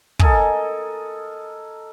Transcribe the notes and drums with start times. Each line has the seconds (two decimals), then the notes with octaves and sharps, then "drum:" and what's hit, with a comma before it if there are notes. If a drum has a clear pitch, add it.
0.19 A4 A#4 D#5 G#5, drum: kick